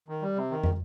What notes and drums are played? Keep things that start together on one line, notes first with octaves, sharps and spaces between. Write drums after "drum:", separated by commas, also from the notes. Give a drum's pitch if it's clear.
D#3
G3
C3
D#3
drum: tom